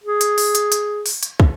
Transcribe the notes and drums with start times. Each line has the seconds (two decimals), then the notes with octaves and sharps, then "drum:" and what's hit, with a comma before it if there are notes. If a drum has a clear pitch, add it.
0.04 G#4
0.21 drum: hi-hat
0.38 drum: open hi-hat
0.55 drum: hi-hat
0.72 drum: hi-hat
1.06 drum: open hi-hat
1.23 drum: hi-hat
1.40 drum: kick